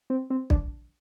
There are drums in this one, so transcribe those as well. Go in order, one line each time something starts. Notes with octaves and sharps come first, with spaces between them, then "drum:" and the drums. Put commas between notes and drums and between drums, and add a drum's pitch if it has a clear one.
C4
C4
D4, drum: kick B1